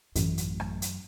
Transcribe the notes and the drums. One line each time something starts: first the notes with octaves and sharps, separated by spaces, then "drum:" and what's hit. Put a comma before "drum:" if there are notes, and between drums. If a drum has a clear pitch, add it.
A1 F#2, drum: hi-hat
drum: hi-hat
drum: rim click
drum: hi-hat